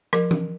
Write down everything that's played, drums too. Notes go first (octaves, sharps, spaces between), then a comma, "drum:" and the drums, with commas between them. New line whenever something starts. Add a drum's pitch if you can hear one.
F3 A#4, drum: rim click
drum: tom E3